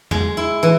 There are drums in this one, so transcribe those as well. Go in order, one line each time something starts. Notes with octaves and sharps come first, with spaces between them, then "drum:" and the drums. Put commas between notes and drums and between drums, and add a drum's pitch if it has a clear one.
G#3, drum: tom E2
E4
E3